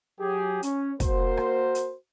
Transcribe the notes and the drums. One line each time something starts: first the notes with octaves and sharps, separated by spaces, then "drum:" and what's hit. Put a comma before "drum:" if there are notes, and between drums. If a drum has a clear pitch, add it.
F#3 G4 G#4
C#4, drum: hi-hat
A#3 F#4 A#4 C5, drum: kick, hi-hat
drum: rim click
drum: hi-hat